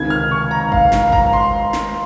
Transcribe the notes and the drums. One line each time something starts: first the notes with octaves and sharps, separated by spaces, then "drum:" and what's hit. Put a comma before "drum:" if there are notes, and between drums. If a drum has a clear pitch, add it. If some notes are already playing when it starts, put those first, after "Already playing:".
Already playing: C#2 C3 D#3 G#6
F6
C#6
A#5
F5, drum: kick G#1
drum: snare
A#5, drum: kick G#1
C6
drum: snare